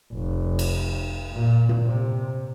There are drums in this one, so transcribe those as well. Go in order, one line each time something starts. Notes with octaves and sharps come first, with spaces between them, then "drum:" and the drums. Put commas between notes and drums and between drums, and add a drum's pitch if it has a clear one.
F1
drum: cymbal
A#2
drum: tom
C3